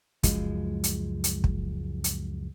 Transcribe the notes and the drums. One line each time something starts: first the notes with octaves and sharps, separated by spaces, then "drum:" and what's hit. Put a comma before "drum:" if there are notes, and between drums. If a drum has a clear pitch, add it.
C#2 F#2 F3 G#3, drum: kick, hi-hat
drum: hi-hat
drum: hi-hat
drum: kick
drum: hi-hat